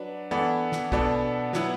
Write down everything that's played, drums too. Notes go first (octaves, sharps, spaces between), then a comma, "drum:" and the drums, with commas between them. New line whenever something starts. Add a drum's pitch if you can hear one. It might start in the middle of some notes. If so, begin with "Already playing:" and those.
Already playing: F#3 D4 B4
E3 B3 D4 A4
drum: snare
B2 B3 D4 A4, drum: kick
F#3 B3 E4 B4, drum: snare